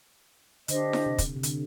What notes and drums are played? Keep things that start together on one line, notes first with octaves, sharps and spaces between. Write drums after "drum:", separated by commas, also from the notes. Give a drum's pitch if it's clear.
D3 D4 G4 C5 D#5, drum: hi-hat
drum: snare E4
C3
drum: kick, hi-hat
C3
D3, drum: hi-hat